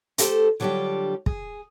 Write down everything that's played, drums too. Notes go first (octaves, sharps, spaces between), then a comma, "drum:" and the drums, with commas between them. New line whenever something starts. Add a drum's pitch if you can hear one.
A3 G4 A4 C5, drum: hi-hat
D3 F#3 G3 D4 F4 G4
G#4, drum: kick